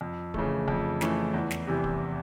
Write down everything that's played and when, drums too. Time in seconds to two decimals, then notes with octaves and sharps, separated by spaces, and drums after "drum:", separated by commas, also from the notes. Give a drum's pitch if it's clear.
0.01 F2
0.34 C#3 E3 A3, drum: kick D1
0.68 F2, drum: kick D1
1.01 C#3 E3 A3, drum: snare
1.34 E2
1.51 drum: snare
1.67 C3 E3 G3
1.84 drum: kick D1